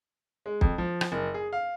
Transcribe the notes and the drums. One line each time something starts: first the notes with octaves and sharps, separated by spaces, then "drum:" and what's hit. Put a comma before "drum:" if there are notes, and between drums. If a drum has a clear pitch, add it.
G#3
F2, drum: kick
F3
drum: rim click
F#1
G#4
F5